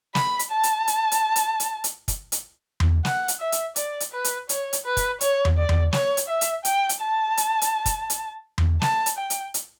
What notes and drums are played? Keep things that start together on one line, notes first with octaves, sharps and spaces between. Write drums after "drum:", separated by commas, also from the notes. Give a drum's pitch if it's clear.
B5, drum: snare
drum: hi-hat
A5
drum: hi-hat
drum: hi-hat
drum: hi-hat
drum: hi-hat
drum: hi-hat
drum: hi-hat
drum: kick, hi-hat
drum: hi-hat
drum: tom E2
F#5, drum: snare
drum: hi-hat
E5
drum: hi-hat
D5, drum: hi-hat
drum: hi-hat
B4
drum: hi-hat
C#5, drum: hi-hat
drum: hi-hat
B4
drum: kick, hi-hat
C#5, drum: hi-hat
drum: tom E2
D5
drum: tom E2
C#5, drum: snare
drum: hi-hat
E5
drum: hi-hat
G5, drum: hi-hat
drum: hi-hat
A5
drum: hi-hat
drum: hi-hat
drum: kick, hi-hat
drum: hi-hat
drum: tom E2
A5, drum: snare
drum: hi-hat
G5
drum: hi-hat
drum: hi-hat